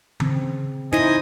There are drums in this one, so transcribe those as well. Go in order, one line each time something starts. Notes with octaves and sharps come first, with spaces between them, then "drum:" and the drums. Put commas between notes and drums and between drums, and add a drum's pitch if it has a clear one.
C#3 C4, drum: tom D#3
D#4 E4 C5 D#5 G#5 D#6, drum: snare